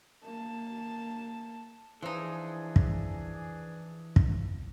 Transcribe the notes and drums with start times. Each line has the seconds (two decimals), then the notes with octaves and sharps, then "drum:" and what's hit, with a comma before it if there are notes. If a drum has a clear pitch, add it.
0.23 A#3 A5
2.02 E3 F3 D4 D#4 G#4
2.76 drum: kick
4.16 drum: kick